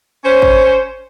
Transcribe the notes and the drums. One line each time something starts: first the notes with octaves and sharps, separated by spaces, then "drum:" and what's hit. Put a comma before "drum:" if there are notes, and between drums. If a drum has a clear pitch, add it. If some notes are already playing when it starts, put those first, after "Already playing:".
C#4 C5
drum: kick